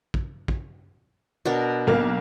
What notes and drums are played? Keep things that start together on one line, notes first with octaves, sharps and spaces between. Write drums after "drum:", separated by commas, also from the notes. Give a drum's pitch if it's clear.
drum: kick
drum: kick
B2 D4 A#4
B1 A#3 F6